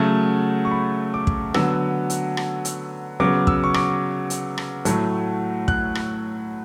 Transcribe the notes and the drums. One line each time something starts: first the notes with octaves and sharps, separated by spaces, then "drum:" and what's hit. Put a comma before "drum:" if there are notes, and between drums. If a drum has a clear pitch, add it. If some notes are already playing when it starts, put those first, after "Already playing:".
Already playing: C#3 F#3 A3 A5
C#6
B5
D6
drum: kick
D3 F#3 B3 E6, drum: rim click
drum: hi-hat
drum: rim click
drum: hi-hat
C#3 F#3 B3 D6
E6, drum: kick
C#6
D6, drum: rim click
drum: hi-hat
drum: rim click
A2 F#3 A3, drum: hi-hat
F#6, drum: kick
drum: rim click